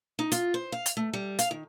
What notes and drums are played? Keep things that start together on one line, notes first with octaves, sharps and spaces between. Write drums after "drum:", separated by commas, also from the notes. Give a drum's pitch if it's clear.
D#4
F4, drum: hi-hat
C5
F5
drum: hi-hat
A3
G3
F5, drum: hi-hat
D#3